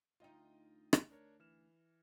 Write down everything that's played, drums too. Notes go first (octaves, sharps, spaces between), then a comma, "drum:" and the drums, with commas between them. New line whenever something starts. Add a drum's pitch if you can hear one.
D2 D#4 F4 D#5 G5
drum: rim click
D4 A#4 C#5
E3 F6 E7